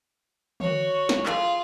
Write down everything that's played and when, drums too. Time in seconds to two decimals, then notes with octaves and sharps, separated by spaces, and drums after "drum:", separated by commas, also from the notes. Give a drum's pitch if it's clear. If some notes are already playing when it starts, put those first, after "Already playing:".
0.60 F#4 C#5, drum: tom
1.09 drum: snare
1.26 F4 G#4, drum: clap